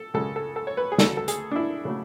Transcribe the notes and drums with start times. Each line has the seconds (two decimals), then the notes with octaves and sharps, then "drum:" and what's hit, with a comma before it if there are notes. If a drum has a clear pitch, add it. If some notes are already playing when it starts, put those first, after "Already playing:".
Already playing: A4
0.14 C#2 C#3 G#3 A4
0.36 A4
0.56 A4
0.67 C#5
0.77 B4
0.92 G#4
0.98 D2 C#3 F#3 A3 A4, drum: snare
1.17 A4
1.28 G#4, drum: hi-hat
1.51 D4
1.56 E4
1.85 C#3 F#3 A3